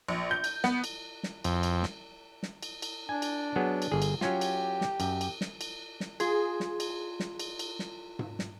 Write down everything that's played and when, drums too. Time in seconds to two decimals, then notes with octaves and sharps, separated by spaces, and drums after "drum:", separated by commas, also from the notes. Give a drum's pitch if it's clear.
0.09 A#1
0.31 G6
0.44 drum: cymbal
0.64 B3, drum: snare
0.84 drum: cymbal
1.23 drum: snare
1.44 F2, drum: cymbal
1.63 drum: cymbal
1.83 drum: snare
2.43 drum: snare
2.63 drum: cymbal
2.82 drum: cymbal
3.09 D4 G#5
3.22 drum: cymbal
3.56 F#3 B3 G#4
3.82 drum: cymbal
3.92 G1 G#4
4.02 drum: cymbal
4.21 F#3 C#4 F4 G4, drum: snare
4.41 drum: cymbal
4.81 drum: snare
5.00 F#2, drum: cymbal
5.21 drum: cymbal
5.41 drum: snare
5.61 drum: cymbal
6.00 drum: snare
6.20 F4 G#4 C6 G#6, drum: cymbal
6.60 drum: snare
6.80 drum: cymbal
7.20 drum: snare
7.40 drum: cymbal
7.59 drum: cymbal
7.79 drum: snare
8.19 drum: tom G#2
8.39 drum: snare